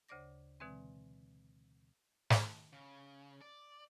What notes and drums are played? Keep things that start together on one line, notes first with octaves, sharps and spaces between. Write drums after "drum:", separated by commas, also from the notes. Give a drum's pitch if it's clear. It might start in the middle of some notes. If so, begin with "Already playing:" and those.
D2 C#3 C5 D5 D6 A#6
B2 D3 E3 G#3 C4
drum: snare
C#3
D5